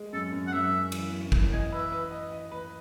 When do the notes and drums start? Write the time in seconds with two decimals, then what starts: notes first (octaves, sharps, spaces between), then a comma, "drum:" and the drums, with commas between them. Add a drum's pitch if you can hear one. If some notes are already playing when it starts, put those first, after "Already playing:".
Already playing: G#3
0.13 F#2 A4
0.32 F#2
0.47 F#5
0.53 F#2 E5
0.72 F#2
0.92 E3, drum: cymbal
1.13 F#2
1.32 E3, drum: kick
1.52 D#5 G#5
1.72 B4 E5
1.92 B4
2.11 D#5
2.31 D#5
2.52 B4